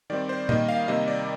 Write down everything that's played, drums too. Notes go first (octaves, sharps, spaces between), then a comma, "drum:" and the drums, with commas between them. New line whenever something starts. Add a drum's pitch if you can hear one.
D#3 G3 C4 D5
C5
D#3 G3 A#3 D#5, drum: tom A#2
F5
C3 D#3 G3 A#3 D#5
D5